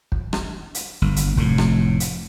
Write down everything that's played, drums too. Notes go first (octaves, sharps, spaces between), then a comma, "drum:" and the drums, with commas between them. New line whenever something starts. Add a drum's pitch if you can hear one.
drum: kick
drum: rim click
drum: hi-hat
G1
drum: hi-hat
F1 A2, drum: kick
drum: rim click
drum: hi-hat